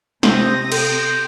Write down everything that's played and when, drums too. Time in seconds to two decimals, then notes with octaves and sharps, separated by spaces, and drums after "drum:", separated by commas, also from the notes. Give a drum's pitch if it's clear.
0.23 C3 C4 C5 D#6 A#6, drum: snare
0.72 A4 G5 C6, drum: cymbal